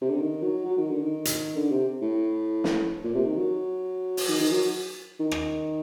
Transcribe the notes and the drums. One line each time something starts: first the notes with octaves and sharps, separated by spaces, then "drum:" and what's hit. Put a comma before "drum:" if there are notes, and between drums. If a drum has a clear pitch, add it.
C3
D3
D#3
F#3
F#3
D#3
D3
D#3
drum: hi-hat
D3
C3
A2
drum: snare
A#2
C3
D#3
F#3
drum: open hi-hat
D#3
D#3
F#3
D#3
drum: rim click